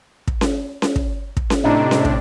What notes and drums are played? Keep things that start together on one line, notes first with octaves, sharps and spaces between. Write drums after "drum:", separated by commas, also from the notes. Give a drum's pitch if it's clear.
drum: kick
drum: snare C#4
drum: snare C#4
drum: kick
drum: kick
drum: snare C#4
A2 C3 D4 D#4
drum: snare C#4
drum: kick